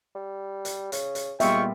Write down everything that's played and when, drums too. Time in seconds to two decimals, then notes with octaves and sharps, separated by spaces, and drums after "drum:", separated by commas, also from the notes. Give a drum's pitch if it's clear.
0.15 G3
0.65 drum: hi-hat
0.92 C#3, drum: hi-hat
1.15 drum: hi-hat
1.40 A#2 G3 G#3 B3 F4 E5 G5 C#6, drum: hi-hat